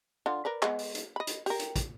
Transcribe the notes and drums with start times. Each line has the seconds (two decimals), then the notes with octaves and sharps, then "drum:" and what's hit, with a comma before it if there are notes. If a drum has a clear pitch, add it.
0.26 D3 F4
0.45 A#4 B4 D5
0.62 G#3 B3, drum: clap
0.79 drum: open hi-hat
0.95 drum: hi-hat
1.16 D#5 B5
1.27 drum: hi-hat
1.46 G4 A#4, drum: open hi-hat
1.59 drum: hi-hat
1.76 drum: kick, hi-hat